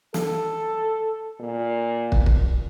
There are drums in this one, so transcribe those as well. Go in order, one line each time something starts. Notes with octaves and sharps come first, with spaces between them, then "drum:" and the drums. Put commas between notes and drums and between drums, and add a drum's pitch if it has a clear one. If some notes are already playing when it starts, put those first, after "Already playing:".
A4, drum: snare
A#2
drum: kick
drum: kick